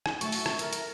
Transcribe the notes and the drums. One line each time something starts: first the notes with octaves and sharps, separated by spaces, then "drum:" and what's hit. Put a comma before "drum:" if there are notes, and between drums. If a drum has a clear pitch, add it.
drum: rim click
F#3 A3 F#4 C#5 E5 A5 C#6, drum: hi-hat
drum: open hi-hat
drum: rim click
A4 A#4, drum: hi-hat
drum: hi-hat